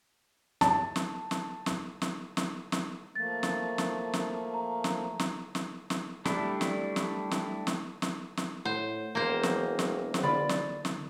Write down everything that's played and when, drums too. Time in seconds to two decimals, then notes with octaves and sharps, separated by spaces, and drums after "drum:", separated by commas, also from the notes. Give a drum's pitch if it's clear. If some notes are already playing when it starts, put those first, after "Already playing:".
0.61 A5, drum: snare
0.96 drum: snare
1.31 drum: snare
1.66 drum: snare
2.02 drum: snare
2.37 drum: snare
2.72 drum: snare
3.15 F3 A3 A#3 A6
3.43 drum: snare
3.78 drum: snare
4.13 drum: snare
4.54 A#5
4.84 drum: snare
5.19 drum: snare
5.55 drum: snare
5.90 drum: snare
6.25 G3 A3 D4 E4, drum: snare
6.61 drum: snare
6.96 drum: snare
7.31 drum: snare
7.67 drum: snare
8.02 drum: snare
8.37 drum: snare
8.65 A2 C5 F#5
9.15 E1 A#3 C5
9.43 drum: snare
9.79 drum: snare
10.14 drum: snare
10.23 D3 F4 D5 B5 A6
10.49 drum: snare
10.85 drum: snare